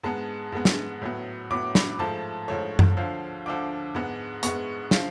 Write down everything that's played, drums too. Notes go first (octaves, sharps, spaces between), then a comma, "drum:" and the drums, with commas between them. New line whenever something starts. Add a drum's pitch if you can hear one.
G#2 G#3 B3 A5
G#2 G#3 B3
drum: snare
A2 F#3 B3
A2 F#3 B3 D6
B5, drum: snare
G#2 F3 A3 A5
G#2 F3 A3 C#5
drum: tom F#2
D2 D3 F3 F5
D2 D3 F3 D6
G#2 G#3 B3
G#2 G#3 B3 C#6, drum: hi-hat
F3 F5, drum: snare